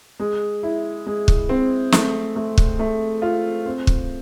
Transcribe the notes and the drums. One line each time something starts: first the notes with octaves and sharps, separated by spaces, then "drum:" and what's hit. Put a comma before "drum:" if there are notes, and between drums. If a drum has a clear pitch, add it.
G#3
E4
G#3
drum: kick
C4
A3, drum: snare
A3
drum: kick
A3
F4
C4
drum: kick